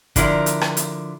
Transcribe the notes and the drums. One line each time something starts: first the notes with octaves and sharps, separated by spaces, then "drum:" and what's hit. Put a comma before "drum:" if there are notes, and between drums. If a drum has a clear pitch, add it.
D3 F3 E4 A#4, drum: kick, hi-hat
drum: hi-hat
drum: rim click
drum: hi-hat